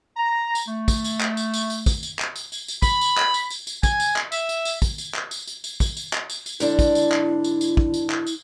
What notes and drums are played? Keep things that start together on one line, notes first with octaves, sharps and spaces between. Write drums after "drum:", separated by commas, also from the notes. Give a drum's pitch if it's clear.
A#5
drum: tambourine
A3
drum: kick, tambourine
drum: tambourine
drum: clap
drum: tambourine
drum: tambourine
drum: tambourine
drum: kick, tambourine
drum: tambourine
drum: clap
drum: tambourine
drum: tambourine
drum: tambourine
B5, drum: kick, tambourine
drum: tambourine
drum: clap
drum: tambourine
drum: tambourine
drum: tambourine
G#5, drum: kick, tambourine
drum: tambourine
drum: clap
E5, drum: tambourine
drum: tambourine
drum: tambourine
drum: kick, tambourine
drum: tambourine
drum: clap
drum: tambourine
drum: tambourine
drum: tambourine
drum: kick, tambourine
drum: tambourine
drum: clap
drum: tambourine
drum: tambourine
G#2 D3 D4 E4, drum: tambourine
drum: kick, tambourine
drum: tambourine
drum: clap
drum: tambourine
drum: tambourine
drum: kick
drum: tambourine
drum: clap
drum: tambourine